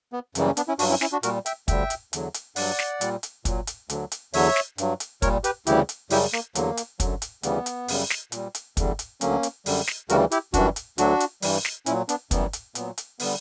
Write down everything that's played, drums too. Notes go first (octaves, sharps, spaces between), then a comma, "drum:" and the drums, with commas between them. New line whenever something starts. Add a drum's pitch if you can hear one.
B3
F#2 C#3 E3 G3, drum: hi-hat
A#3 C#4
B3 D4, drum: hi-hat
C#4 E4
G2 F#3 D4 F#4, drum: open hi-hat
C#4 E4
C#4 E4, drum: snare
D4 F#4
A#2 G3 F#4 A#4, drum: hi-hat
E5 G5, drum: hi-hat
D2 D3 G3 E5 G5, drum: kick, hi-hat
drum: hi-hat
E2 D3 F#3, drum: hi-hat
drum: hi-hat
G2 F#3 D5 F#5, drum: open hi-hat
drum: snare
A#2 G3, drum: hi-hat
drum: hi-hat
A#2 F#3, drum: kick, hi-hat
drum: hi-hat
D2 D3 F#3, drum: hi-hat
drum: hi-hat
E2 D3 F#3 C#5 E5, drum: open hi-hat
drum: snare
G2 F#3, drum: hi-hat
drum: hi-hat
A#2 G3 A#4 C#5, drum: kick, hi-hat
G4 B4, drum: hi-hat
D2 C#3 E3 G3 E4 G4, drum: hi-hat
drum: hi-hat
F#2 C#3 G3 E4 G4, drum: open hi-hat
A#3, drum: snare
E2 D3 F#3 A#3, drum: hi-hat
drum: hi-hat
F#2 D3 F#3, drum: kick, hi-hat
drum: hi-hat
D2 C#3 E3 G3 B3, drum: hi-hat
drum: hi-hat
F#2 C#3 G3, drum: open hi-hat
drum: snare
A#2 G3, drum: hi-hat
drum: hi-hat
E2 D3 G3, drum: kick, hi-hat
drum: hi-hat
D2 D3 F#3 A#3 C#4, drum: hi-hat
drum: hi-hat
F#2 D3 G3, drum: open hi-hat
drum: snare
D2 C#3 E3 G3 F#4 A#4, drum: hi-hat
E4 G4, drum: hi-hat
F#2 E3 G3 D4 F#4, drum: kick, hi-hat
drum: hi-hat
D2 D3 F#3 D4 F#4, drum: hi-hat
drum: hi-hat
G2 E3 G3, drum: open hi-hat
drum: snare
A#2 F#3 C#4 E4, drum: hi-hat
B3 D4, drum: hi-hat
F#2 E3 G3 B3, drum: kick, hi-hat
drum: hi-hat
A#2 F#3 B3, drum: hi-hat
drum: hi-hat
D3 G3 B3, drum: open hi-hat